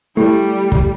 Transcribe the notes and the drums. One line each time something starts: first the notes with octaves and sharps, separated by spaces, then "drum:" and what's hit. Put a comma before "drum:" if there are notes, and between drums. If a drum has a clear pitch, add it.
G3 A3 E4
drum: kick